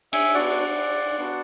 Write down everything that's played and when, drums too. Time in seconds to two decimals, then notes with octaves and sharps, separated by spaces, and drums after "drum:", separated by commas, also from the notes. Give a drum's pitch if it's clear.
0.13 E5 G#5, drum: cymbal
0.35 B3 D4 F#4 D5 F#5
1.19 B3 D4 F#4